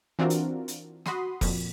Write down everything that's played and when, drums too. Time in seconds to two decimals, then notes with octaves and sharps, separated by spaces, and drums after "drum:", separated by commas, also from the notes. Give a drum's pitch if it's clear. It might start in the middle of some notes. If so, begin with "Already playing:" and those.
0.19 E3 C4 D4 F4 F#4 A#4
0.30 drum: hi-hat
0.68 drum: hi-hat
1.06 F#4 B5 C6 D#6, drum: snare
1.41 F2 A#2, drum: kick F1, open hi-hat